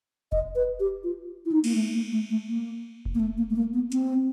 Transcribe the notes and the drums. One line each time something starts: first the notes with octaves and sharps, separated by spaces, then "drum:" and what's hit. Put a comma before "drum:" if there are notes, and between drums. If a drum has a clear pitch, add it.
D#5, drum: kick F1
B4
G4
F4
E4
D#4
A#3, drum: cymbal
A3
A#3
A3
A3
A#3
drum: kick F1
A#3
A3
A#3
A3
A#3
B3
C4, drum: hi-hat